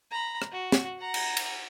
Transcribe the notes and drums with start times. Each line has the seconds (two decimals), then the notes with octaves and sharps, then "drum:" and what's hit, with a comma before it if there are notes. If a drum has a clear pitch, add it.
0.11 A#5 B5
0.42 drum: rim click
0.52 F#4
0.72 drum: snare
0.99 F#5 A#5
1.14 drum: cymbal
1.37 drum: cymbal